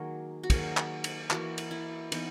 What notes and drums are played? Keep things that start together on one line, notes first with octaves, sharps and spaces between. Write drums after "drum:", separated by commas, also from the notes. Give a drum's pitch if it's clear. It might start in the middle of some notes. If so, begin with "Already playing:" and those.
Already playing: D#3 F#3 A#3 G#4
F#4
D#3 F#3 A#3 G#4, drum: kick, cymbal
drum: clap
drum: cymbal
E3 A#3 F#4, drum: clap
drum: cymbal
E4
E3 B3 D#4, drum: cymbal